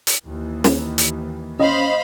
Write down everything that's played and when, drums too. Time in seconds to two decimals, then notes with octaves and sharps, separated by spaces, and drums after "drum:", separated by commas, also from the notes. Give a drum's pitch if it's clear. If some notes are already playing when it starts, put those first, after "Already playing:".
0.07 drum: hi-hat
0.24 D#2 E3
0.64 drum: snare
0.98 drum: hi-hat
1.60 C#4 C5 D#5 F5 B5